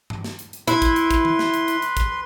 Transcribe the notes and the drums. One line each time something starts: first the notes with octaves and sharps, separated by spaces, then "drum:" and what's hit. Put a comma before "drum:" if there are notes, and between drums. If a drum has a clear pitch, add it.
drum: tom G2
drum: snare
drum: hi-hat
drum: hi-hat
E4 B4 C6, drum: hi-hat
drum: kick, hi-hat
drum: hi-hat
drum: kick, hi-hat
drum: tom D#3
drum: snare
drum: hi-hat
drum: hi-hat
drum: hi-hat
drum: kick, hi-hat